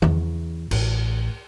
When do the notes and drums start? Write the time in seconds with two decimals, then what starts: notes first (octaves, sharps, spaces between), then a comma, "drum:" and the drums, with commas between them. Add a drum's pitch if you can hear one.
0.02 E2 C#3, drum: tom D#3
0.71 A1, drum: cymbal